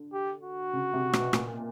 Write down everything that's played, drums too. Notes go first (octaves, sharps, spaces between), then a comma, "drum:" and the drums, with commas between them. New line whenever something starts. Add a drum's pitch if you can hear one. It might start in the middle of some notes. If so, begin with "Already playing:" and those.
Already playing: D3
G4
F#4
C#3
C3
B2, drum: rim click
A#2, drum: rim click